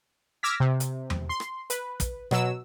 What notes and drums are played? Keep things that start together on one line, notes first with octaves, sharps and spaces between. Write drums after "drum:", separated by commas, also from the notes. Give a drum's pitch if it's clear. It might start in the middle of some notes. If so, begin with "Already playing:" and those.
D6 E6 F6 G#6 A#6 B6
C3
drum: hi-hat
drum: tom E2
C6
drum: rim click
B4, drum: hi-hat
drum: kick, hi-hat
B2 F#3 E6, drum: rim click